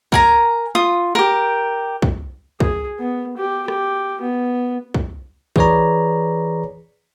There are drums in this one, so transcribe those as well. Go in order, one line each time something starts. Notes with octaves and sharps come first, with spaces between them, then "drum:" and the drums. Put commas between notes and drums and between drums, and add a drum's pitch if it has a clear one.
A#4 G#5 A#5, drum: kick
F4 D#6
G4 A#4
drum: kick
G#4, drum: kick
B3
G4
G4, drum: rim click
B3
drum: kick
E3 G#4 B4 C#5 D5 A#5, drum: kick